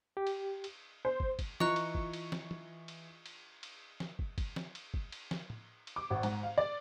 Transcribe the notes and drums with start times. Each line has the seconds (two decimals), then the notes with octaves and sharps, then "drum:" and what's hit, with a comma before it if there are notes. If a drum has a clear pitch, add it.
0.17 G4
0.27 drum: cymbal
0.64 drum: cymbal
1.05 C5
1.20 drum: kick
1.39 drum: kick, cymbal
1.60 E3 F4 D#5 A#5 C#6 F#6, drum: snare
1.76 drum: cymbal
1.95 drum: kick
2.13 drum: cymbal
2.32 drum: snare
2.51 drum: tom E3
2.88 drum: cymbal
3.26 drum: cymbal
3.63 drum: cymbal
4.00 drum: snare
4.19 drum: kick
4.38 drum: kick, cymbal
4.56 drum: snare
4.75 drum: cymbal
4.94 drum: kick
5.12 drum: cymbal
5.31 drum: snare
5.50 drum: tom
5.87 drum: cymbal
5.96 D6
6.10 G#1
6.23 G#2, drum: cymbal
6.43 F5
6.58 D5